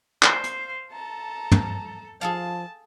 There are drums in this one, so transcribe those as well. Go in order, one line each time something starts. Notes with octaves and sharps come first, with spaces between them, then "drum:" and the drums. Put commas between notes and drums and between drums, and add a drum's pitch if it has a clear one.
C5 F5, drum: clap
drum: hi-hat
A4 A5 A#5
drum: tom
F3 G#4 A4 F5 A5